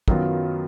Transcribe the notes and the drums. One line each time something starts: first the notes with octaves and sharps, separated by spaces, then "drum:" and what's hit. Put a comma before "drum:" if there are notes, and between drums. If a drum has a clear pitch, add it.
F#2 D#3 F#3 B3 F4, drum: kick